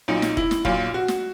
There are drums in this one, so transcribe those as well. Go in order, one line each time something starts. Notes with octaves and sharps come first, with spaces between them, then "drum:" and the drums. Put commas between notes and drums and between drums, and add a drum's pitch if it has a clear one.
B1 A#2 D#4
drum: snare
E4, drum: kick
drum: snare
B1 A#2 F4, drum: kick
F#4
drum: snare